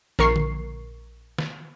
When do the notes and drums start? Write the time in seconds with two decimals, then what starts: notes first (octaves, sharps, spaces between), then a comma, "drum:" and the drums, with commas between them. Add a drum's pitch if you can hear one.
0.19 A#1 A#4 C#6 C7, drum: snare
0.36 drum: tom D3
1.38 drum: snare